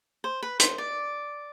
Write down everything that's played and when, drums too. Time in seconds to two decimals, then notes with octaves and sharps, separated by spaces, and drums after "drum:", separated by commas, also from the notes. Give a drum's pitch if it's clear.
0.24 C5
0.43 B4
0.59 C5, drum: hi-hat
0.78 D5